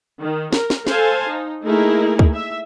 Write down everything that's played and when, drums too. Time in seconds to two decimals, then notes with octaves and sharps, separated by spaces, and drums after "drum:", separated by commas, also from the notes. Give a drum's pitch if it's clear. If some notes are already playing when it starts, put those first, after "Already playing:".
0.20 D#3
0.53 A#4, drum: snare
0.70 drum: snare
0.87 A4 C5 F5 G#5 A5, drum: snare
1.27 D#4
1.64 A3 A#3 D#4 E4 G#4 A#4
2.19 drum: kick
2.34 E5